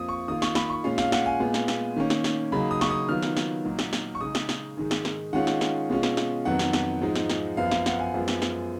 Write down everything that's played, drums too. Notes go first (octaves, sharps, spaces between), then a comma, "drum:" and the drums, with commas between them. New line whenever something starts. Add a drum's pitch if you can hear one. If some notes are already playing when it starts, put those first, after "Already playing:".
Already playing: F2 F3 A#3 D#6
C#6
D#3 A#3 F4 D#6
C#6, drum: snare
B5, drum: snare
C#6
A#2 G#3 C#4 F4 F5
F5, drum: snare
F#5, drum: snare
G#5
A#2 G#3 B3 F4
drum: snare
drum: snare
D#3 A#3 C#4
drum: snare
drum: snare
C#3 F#3 A#3 D#4 B5
D#6
C#6, drum: snare
D#6
D#3 F#3 B3 F4 F6
drum: snare
drum: snare
A#2 F#3 A#3 D#4
drum: snare
drum: snare
C#6
C#3 G#3 D#4 D#6
drum: snare
drum: snare
G#2 D#3 G#3
drum: snare
drum: snare
D#3 G#3 C#4 F4 F#5
drum: snare
drum: snare
B2 G#3 C#4 F4
drum: snare
drum: snare
F2 D#3 F#3 B3 F#5
drum: snare
drum: snare
G#2 F3 G#3 D#4
drum: snare
drum: snare
F#2 F3 B3 F4 F5
F5, drum: snare
F#5, drum: snare
G#5
F#2 F3 G#3 B3 F4
drum: snare
drum: snare